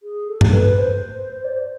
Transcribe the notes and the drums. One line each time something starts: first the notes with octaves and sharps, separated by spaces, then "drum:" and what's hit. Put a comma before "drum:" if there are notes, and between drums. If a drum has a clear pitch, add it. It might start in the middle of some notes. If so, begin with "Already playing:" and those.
G#4
A4
drum: tom G2
B4
C5
D5
C5